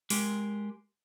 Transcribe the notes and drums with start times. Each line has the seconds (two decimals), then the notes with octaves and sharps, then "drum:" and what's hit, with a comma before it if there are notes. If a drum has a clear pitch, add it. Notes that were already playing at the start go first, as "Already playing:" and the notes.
0.10 G#3 G4 A#4, drum: open hi-hat